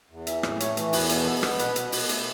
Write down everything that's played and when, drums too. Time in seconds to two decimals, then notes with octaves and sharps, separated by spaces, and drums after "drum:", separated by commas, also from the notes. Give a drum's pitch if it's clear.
0.10 E2
0.27 E3 E5, drum: hi-hat
0.43 A2, drum: rim click
0.60 A3 C#5, drum: hi-hat
0.77 E3, drum: hi-hat
0.93 E2 B4, drum: open hi-hat
1.09 B2, drum: hi-hat
1.26 B3 A4
1.43 B3, drum: rim click
1.59 B2 B4, drum: hi-hat
1.76 B2, drum: hi-hat
1.92 B2, drum: open hi-hat
2.09 A3, drum: hi-hat